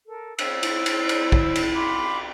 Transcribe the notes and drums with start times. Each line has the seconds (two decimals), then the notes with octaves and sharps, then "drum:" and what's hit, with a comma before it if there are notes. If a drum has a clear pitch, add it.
0.07 A4 A#4
0.39 C5 C#5 E6, drum: cymbal
0.63 E4, drum: cymbal
0.86 drum: cymbal
1.09 drum: cymbal
1.32 drum: kick
1.56 drum: cymbal
1.74 B5 C6 D6